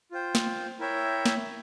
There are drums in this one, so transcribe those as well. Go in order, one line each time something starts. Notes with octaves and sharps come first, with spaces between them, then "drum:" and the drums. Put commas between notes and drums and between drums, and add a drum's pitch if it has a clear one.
F4 C5 G5
drum: snare
E4 A#4 C#5 E5 G5
drum: snare